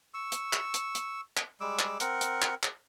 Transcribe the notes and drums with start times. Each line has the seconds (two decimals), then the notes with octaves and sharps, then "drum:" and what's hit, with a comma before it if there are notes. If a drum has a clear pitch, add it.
0.14 C#6 E6
0.32 drum: hi-hat
0.53 drum: clap
0.74 drum: hi-hat
0.95 drum: hi-hat
1.37 drum: clap
1.61 G3 G#3 D6 E6
1.79 drum: clap
2.00 C4 A#4 F#5, drum: hi-hat
2.21 drum: hi-hat
2.42 drum: clap
2.63 drum: clap